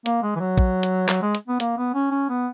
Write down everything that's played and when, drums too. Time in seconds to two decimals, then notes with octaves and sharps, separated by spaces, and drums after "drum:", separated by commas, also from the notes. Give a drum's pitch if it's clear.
0.06 A#3, drum: hi-hat
0.23 G#3
0.36 E3
0.40 F#3
0.58 drum: kick A#1
0.83 drum: hi-hat
1.09 F#3, drum: clap
1.22 G#3
1.35 drum: hi-hat
1.48 B3
1.60 A#3, drum: hi-hat
1.78 B3
1.94 C#4
2.11 C#4
2.29 B3